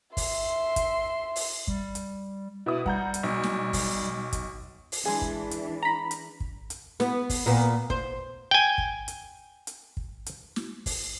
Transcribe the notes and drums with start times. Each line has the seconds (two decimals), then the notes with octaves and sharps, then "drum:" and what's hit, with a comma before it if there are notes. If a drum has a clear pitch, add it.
0.17 E5 C6, drum: kick, open hi-hat
0.76 drum: kick, hi-hat
1.36 drum: open hi-hat
1.68 G3, drum: kick
1.95 drum: hi-hat
2.66 B2 E4 E5 D#6
2.86 G3 F#5 A#5 G6, drum: kick
3.14 drum: hi-hat
3.23 B1
3.43 drum: snare
3.73 drum: kick, open hi-hat
4.33 drum: kick, hi-hat
4.92 drum: open hi-hat
5.05 E3 G#3 D4 G#4
5.22 drum: kick
5.51 drum: hi-hat
5.83 A#5 B5
6.11 drum: hi-hat
6.40 drum: kick
6.70 drum: hi-hat
7.00 B3, drum: snare
7.30 drum: kick, open hi-hat
7.46 A#2 B3
7.90 C5, drum: kick
8.51 G5 G#5
8.78 drum: kick
9.08 drum: hi-hat
9.67 drum: hi-hat
9.97 drum: kick
10.26 drum: hi-hat
10.56 drum: snare
10.86 drum: kick, open hi-hat